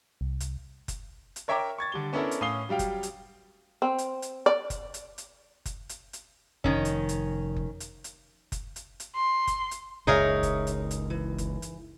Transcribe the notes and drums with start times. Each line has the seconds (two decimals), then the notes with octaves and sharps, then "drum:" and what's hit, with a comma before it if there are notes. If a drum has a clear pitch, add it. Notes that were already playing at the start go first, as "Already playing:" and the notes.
0.21 C2
0.40 drum: hi-hat
0.88 drum: kick F#1, hi-hat
1.36 drum: hi-hat
1.48 A#4 C#5 E5 G5 A#5 D6
1.78 C#6 G#6 A6
1.92 D3 G3 G7
2.13 B3 C#4 D4 E4 A4 A#4
2.31 drum: hi-hat
2.41 A2 C#4 F5 D#6 C7 G7
2.69 F#3 G3 F5 G5
2.79 drum: kick F#1, hi-hat
3.03 drum: hi-hat
3.82 C4
3.98 drum: hi-hat
4.22 drum: hi-hat
4.46 D5
4.70 drum: kick F#1, hi-hat
4.94 drum: hi-hat
5.18 drum: hi-hat
5.66 drum: kick F#1, hi-hat
5.89 drum: hi-hat
6.13 drum: hi-hat
6.64 F1 D#3 C#4
6.85 drum: hi-hat
7.09 drum: hi-hat
7.56 drum: kick F#1
7.80 drum: hi-hat
8.04 drum: hi-hat
8.52 drum: kick F#1, hi-hat
8.76 drum: hi-hat
9.00 drum: hi-hat
9.15 C6
9.47 drum: kick F#1, hi-hat
9.71 drum: hi-hat
10.07 F#1 C#2 D#4 G#4 A#4 C#5 E5
10.43 drum: kick F#1, hi-hat
10.67 drum: hi-hat
10.91 drum: hi-hat
11.10 E3
11.38 drum: kick F#1, hi-hat
11.62 drum: hi-hat